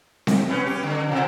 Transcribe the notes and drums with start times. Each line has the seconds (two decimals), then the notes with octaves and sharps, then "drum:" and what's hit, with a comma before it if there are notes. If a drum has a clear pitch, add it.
0.27 drum: snare C4
0.50 B3 C#4
0.66 G4
0.83 D3
1.08 B2 F3